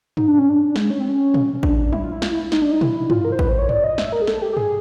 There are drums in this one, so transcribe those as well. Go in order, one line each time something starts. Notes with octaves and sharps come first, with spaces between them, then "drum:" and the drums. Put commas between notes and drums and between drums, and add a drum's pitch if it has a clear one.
D#4, drum: tom G2
D4
C#4
D4
G#3, drum: snare
C#4
C4
C#4
drum: tom A#2
C#4
D4, drum: kick
D4
E4, drum: tom F#3
F4
E4
F4, drum: snare
E4
D#4, drum: snare
D4
D#4
E4, drum: tom A#2
F4, drum: tom G2
A#4
C5
B4, drum: kick
C5
C#5
D5, drum: tom G2
D#5
E5, drum: snare
A#4
G#4
A4, drum: snare
G4
G4
G#4, drum: tom G2